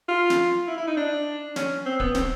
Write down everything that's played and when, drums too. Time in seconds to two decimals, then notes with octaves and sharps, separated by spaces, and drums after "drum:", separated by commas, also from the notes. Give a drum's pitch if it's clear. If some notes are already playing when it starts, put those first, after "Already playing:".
0.08 F4
0.30 drum: snare
0.67 E4
0.78 E4
0.87 D#4
0.97 D4
1.56 C#4, drum: snare
1.86 C4
2.00 B3, drum: kick D1
2.15 C4, drum: snare